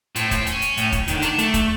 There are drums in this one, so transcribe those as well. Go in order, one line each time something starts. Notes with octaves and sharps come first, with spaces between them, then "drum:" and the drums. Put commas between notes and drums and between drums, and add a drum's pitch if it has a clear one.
A2 C4, drum: hi-hat
C4, drum: kick, hi-hat
C#4, drum: hi-hat
drum: hi-hat
A2, drum: hi-hat
drum: kick, hi-hat
D#3, drum: hi-hat
D3
D#3 D4, drum: hi-hat
A3, drum: hi-hat
drum: kick, hi-hat